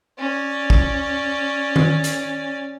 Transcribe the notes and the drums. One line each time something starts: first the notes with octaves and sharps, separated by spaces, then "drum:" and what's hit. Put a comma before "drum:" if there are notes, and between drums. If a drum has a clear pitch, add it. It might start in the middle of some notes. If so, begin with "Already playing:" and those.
C#4 D5
drum: kick
drum: tom D#3
drum: hi-hat